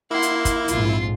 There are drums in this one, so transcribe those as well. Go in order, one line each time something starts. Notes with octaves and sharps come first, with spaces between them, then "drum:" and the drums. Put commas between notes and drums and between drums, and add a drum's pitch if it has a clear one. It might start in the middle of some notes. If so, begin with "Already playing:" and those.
A#3 E4 F#5 C6
drum: hi-hat
drum: kick, hi-hat
A#1 F2 G#2 F4 C6, drum: hi-hat